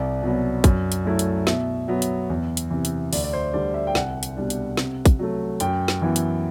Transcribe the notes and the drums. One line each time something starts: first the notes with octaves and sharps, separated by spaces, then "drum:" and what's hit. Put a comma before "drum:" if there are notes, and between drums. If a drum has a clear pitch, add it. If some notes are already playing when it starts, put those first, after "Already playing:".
Already playing: C2 D5
B2 F#3 B3
F#2, drum: kick, hi-hat
drum: hi-hat
F#3 A3 E4
drum: hi-hat
B2 E5, drum: snare
F#3 B3
drum: hi-hat
E2
drum: hi-hat
C3 E3
drum: hi-hat
D2 D5, drum: open hi-hat
D5
C5
D3 G3 D5
E5
G5
C2 F#5, drum: snare
drum: hi-hat
B2 G3 D4
drum: hi-hat
C3, drum: snare
drum: kick, hi-hat
F#3 A3
F#2 G5, drum: hi-hat
drum: snare
E3 B3 E4
drum: hi-hat